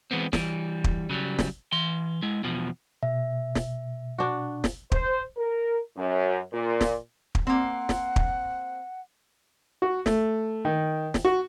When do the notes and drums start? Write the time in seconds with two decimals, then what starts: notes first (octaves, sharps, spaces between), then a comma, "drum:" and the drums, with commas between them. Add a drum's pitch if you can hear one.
0.11 E3 G#3 B3 C4
0.33 E3 G3, drum: snare
0.84 drum: kick
1.09 C#3 F#3 G3
1.39 drum: snare
1.72 E3 C6
2.23 G#3 E4
2.44 E2 B2 F3
3.03 B2 E5
3.55 drum: snare
4.18 D4 F#4
4.64 drum: snare
4.92 C5, drum: kick
5.37 A#4
5.96 F#2
6.53 A#2
6.81 drum: snare
7.35 drum: kick
7.47 A#3 C4 F#5
7.89 drum: snare
8.16 drum: kick
9.82 F#4
10.06 A3, drum: snare
10.65 D#3
11.14 drum: snare
11.25 F#4